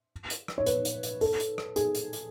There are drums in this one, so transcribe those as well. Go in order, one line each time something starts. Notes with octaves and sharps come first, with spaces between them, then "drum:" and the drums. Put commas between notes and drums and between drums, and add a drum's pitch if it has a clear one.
drum: hi-hat
drum: rim click
C#5
B4, drum: hi-hat
drum: hi-hat
drum: hi-hat
A4, drum: open hi-hat
drum: hi-hat
drum: rim click
G#4, drum: hi-hat
drum: hi-hat
drum: hi-hat